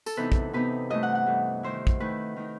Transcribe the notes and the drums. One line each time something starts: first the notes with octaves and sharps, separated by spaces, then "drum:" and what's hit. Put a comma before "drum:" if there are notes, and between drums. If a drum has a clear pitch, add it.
A4, drum: tambourine
C3 E3 B3 D#4 B4
drum: kick
C3 E3 B3 D#4 B4
G2 E3 A3 D#5
F#5
F#5
G2 E3 A3
D#3 A3 E4 C5
drum: kick
D#3 A3 E4 B4
D#3 A3 D#4